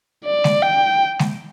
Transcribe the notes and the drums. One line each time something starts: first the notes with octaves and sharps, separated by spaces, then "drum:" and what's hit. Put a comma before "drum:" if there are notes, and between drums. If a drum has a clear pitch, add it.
D5
drum: snare
G5
drum: snare